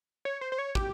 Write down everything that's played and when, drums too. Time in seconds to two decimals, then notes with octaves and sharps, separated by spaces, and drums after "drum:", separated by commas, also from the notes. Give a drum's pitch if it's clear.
0.25 C#5
0.41 C5
0.52 C5
0.58 C#5
0.75 G4, drum: kick